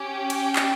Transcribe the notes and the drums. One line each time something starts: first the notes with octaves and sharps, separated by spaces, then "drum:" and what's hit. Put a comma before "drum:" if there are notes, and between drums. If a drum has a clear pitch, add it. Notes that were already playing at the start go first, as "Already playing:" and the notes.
Already playing: C#4 G4
G5, drum: cymbal
drum: clap